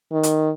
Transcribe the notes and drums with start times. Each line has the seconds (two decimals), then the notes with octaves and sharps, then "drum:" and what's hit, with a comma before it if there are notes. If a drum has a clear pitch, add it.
0.12 D#3
0.23 drum: hi-hat